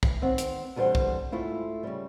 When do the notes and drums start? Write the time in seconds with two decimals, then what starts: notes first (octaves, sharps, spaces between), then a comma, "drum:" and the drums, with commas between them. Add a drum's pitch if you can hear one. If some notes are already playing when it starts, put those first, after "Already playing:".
0.03 E3, drum: kick
0.22 D#3 C4 F#5
0.38 drum: hi-hat
0.76 E2 D3 G3 B4 C5 F#5
0.95 drum: kick
1.32 G#2 A3 E4 F4
1.83 C#3 G3